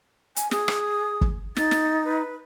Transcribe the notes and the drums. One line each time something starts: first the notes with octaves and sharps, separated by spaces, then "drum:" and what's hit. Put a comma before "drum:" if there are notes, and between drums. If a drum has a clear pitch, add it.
G#5, drum: hi-hat
G#4 D#6, drum: snare
drum: rim click
drum: kick
D#4 A6, drum: snare
drum: snare
B4